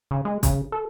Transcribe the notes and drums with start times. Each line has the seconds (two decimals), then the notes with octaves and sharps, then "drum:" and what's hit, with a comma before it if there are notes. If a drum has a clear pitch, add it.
0.11 C#3
0.25 G#3
0.43 C#3, drum: kick, hi-hat
0.72 A4